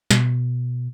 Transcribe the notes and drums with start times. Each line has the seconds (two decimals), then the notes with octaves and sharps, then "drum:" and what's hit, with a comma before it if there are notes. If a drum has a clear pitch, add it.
0.11 B2, drum: snare